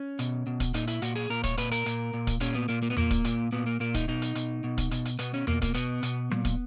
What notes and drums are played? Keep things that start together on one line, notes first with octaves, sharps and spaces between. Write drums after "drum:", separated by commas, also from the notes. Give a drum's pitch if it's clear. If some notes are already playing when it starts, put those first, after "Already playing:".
Already playing: C#4
B2, drum: hi-hat
B2
drum: kick, hi-hat
A#2 D#4, drum: hi-hat
E4, drum: hi-hat
A#2 F#4, drum: hi-hat
G#4
A#2 A#4
C#5, drum: kick, hi-hat
A#2 B4, drum: hi-hat
A#4, drum: hi-hat
A#2, drum: hi-hat
A#2
drum: kick, hi-hat
A#2 C#4, drum: hi-hat
B3
A#2 A#3
A#3
B3
A#2 A#3, drum: tom E2
drum: kick, hi-hat
A#2, drum: hi-hat
A#2 B3
A#3
A#2 A#3
D#4, drum: kick, hi-hat
B2 D#4
drum: hi-hat
B2, drum: hi-hat
B2
drum: kick, hi-hat
B2, drum: hi-hat
drum: hi-hat
B2 B3, drum: hi-hat
C#4
B2 A#3, drum: tom E2
A#3, drum: kick, hi-hat
B2 B3, drum: hi-hat
B2, drum: hi-hat
A#2, drum: tom F#3
drum: kick, hi-hat